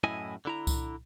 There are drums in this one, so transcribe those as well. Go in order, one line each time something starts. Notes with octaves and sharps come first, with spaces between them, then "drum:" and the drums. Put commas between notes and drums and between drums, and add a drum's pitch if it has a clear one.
F#2 A2 E4 D#5 G#5
D3 E4 A#5
drum: kick C2, tambourine